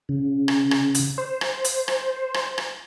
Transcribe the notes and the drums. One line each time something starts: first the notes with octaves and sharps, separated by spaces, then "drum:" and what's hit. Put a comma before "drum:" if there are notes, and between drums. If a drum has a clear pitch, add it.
C#3
drum: rim click
drum: rim click
drum: hi-hat
C5
drum: rim click
drum: hi-hat
drum: rim click
drum: rim click
drum: rim click